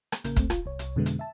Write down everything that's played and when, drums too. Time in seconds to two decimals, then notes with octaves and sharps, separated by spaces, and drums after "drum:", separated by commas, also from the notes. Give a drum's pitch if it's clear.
0.12 drum: rim click
0.24 A1 C#3 A#3 A#4 G6, drum: hi-hat
0.36 A3 C4, drum: kick, hi-hat
0.50 F4, drum: rim click
0.66 C2 C#5
0.79 drum: hi-hat
0.96 F2 B2 D3 G#3 B3
1.06 drum: hi-hat
1.19 E5 A5